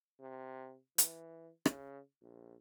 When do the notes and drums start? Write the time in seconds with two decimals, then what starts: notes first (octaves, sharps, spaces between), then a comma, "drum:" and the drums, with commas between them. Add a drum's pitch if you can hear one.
0.20 C3
0.98 E3, drum: hi-hat
1.65 C#3, drum: rim click
2.21 A#1